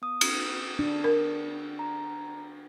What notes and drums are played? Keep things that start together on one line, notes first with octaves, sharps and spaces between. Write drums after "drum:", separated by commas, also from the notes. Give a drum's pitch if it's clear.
B3 D#6
drum: cymbal
D4
A#4
A#5